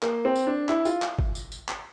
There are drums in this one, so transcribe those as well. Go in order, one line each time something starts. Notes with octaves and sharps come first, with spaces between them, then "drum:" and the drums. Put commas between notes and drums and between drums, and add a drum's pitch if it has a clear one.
A#3, drum: clap
C4
drum: tambourine
D4
E4, drum: clap
F4, drum: tambourine
drum: clap
drum: kick G1
drum: tambourine
drum: tambourine
drum: clap